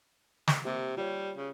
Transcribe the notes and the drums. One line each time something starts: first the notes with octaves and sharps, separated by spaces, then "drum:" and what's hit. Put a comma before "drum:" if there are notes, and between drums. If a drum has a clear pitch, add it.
drum: snare
C3 A#3 G4
G3 F4 C#5
C#3